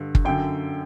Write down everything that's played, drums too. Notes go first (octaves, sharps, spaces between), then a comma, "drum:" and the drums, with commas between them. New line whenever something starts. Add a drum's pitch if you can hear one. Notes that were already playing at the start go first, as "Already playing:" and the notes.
Already playing: G2 D3
drum: kick
F#2 D3 G5